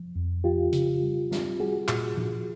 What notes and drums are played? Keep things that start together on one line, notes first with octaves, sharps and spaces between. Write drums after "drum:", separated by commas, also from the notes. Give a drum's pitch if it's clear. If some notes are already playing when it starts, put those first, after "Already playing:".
Already playing: F3
F2
F3 F4 G4
C#3, drum: hi-hat
G3
C4, drum: snare
G3 F#4 G#4
A#2, drum: clap
A#2, drum: tom F3